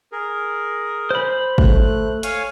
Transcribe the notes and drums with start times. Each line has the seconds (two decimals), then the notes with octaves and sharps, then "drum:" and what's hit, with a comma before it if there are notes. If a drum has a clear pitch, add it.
0.12 G#4 A#4
1.11 C5 B5
1.58 A3 F#6, drum: kick
2.23 C#5 F5 G#5, drum: hi-hat